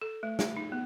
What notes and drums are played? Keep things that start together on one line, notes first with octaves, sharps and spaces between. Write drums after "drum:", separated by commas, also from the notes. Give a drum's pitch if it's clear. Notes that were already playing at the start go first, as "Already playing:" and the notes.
A4
A3
A3, drum: snare
D#4
B3